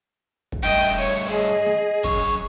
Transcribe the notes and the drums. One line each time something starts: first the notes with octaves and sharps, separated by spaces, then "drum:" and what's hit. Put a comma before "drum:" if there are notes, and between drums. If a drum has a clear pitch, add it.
drum: kick
G2 A3 D#5 G5
C#5
G#4 D#5
drum: snare
F#2 C#5, drum: kick